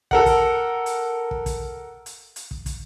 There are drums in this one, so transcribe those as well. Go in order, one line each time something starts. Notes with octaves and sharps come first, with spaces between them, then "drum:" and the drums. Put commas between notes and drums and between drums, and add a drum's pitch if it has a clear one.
A4 A#4 F#5, drum: kick
drum: kick, hi-hat
drum: hi-hat
drum: kick
drum: kick, hi-hat
drum: hi-hat
drum: hi-hat
drum: kick
drum: kick, hi-hat